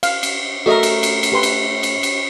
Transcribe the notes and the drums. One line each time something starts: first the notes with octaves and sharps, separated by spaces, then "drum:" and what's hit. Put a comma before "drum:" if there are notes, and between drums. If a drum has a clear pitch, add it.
F5, drum: cymbal
drum: cymbal
A3 F#4 A#4 D#5 E5
drum: cymbal
drum: cymbal
drum: cymbal
G4 B4 C6
drum: cymbal
drum: cymbal
drum: cymbal